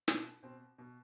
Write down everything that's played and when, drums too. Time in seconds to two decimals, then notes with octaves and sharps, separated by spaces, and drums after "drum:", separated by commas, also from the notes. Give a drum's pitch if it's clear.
0.08 B2 D4, drum: snare
0.43 B2 C4
0.78 B2